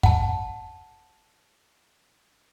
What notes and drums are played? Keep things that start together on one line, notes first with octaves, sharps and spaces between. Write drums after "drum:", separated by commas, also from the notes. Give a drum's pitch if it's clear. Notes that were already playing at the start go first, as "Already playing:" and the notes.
F#5 A5, drum: kick